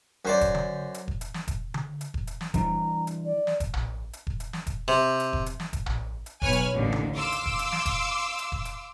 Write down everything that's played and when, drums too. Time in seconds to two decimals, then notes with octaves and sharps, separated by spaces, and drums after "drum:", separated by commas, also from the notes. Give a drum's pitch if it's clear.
0.25 F#2 C5 D5
0.41 drum: kick E1, hi-hat
0.55 drum: tom D3
0.94 drum: hi-hat
1.08 drum: kick E1
1.21 drum: hi-hat
1.34 drum: snare
1.48 drum: kick E1, hi-hat
1.74 drum: tom D3
2.01 drum: hi-hat
2.14 drum: kick E1
2.27 drum: hi-hat
2.41 drum: snare
2.54 E3 G3 D4 A#5, drum: kick E1, hi-hat
3.07 drum: hi-hat
3.25 D5
3.47 drum: snare
3.60 drum: kick E1, hi-hat
3.74 drum: tom A#1
4.13 drum: hi-hat
4.27 drum: kick E1
4.40 drum: hi-hat
4.53 drum: snare
4.67 drum: kick E1, hi-hat
4.88 C3
5.20 drum: hi-hat
5.33 drum: kick E1
5.46 drum: hi-hat
5.60 drum: snare
5.73 drum: kick E1, hi-hat
5.86 drum: tom A#1
6.26 drum: hi-hat
6.42 B1 B4 C#5 G#5 F6 F#6, drum: kick E1
6.53 drum: hi-hat
6.74 A1 D#2 D3
6.93 drum: tom D3
7.16 F5 C6 D6 E6
7.32 drum: hi-hat
7.46 drum: kick E1
7.59 drum: hi-hat
7.72 drum: snare
7.86 drum: kick E1, hi-hat
8.39 drum: hi-hat
8.52 drum: kick E1
8.65 drum: hi-hat